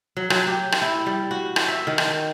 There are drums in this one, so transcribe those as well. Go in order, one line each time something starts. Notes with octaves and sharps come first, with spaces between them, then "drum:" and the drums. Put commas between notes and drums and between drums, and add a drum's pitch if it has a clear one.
F#3
F#3, drum: rim click
G4
drum: rim click
E4
G3
F#4
drum: rim click
E5
D#3
drum: rim click